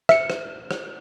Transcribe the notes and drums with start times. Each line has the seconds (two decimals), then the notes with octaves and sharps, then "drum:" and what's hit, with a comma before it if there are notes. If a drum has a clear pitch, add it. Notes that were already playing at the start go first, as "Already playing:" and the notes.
0.09 E5 C#7, drum: rim click
0.30 drum: rim click
0.71 drum: rim click